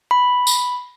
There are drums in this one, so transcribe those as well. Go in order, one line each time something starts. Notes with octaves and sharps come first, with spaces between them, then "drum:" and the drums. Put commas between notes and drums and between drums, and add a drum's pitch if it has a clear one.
B5
drum: tambourine